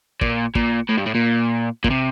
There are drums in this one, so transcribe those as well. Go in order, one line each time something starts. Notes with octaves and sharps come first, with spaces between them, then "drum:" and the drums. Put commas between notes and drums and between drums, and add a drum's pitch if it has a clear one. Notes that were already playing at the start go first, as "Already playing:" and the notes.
A#2, drum: kick
A#2, drum: kick
A2
G2
A2
A#2
A#2, drum: kick
C3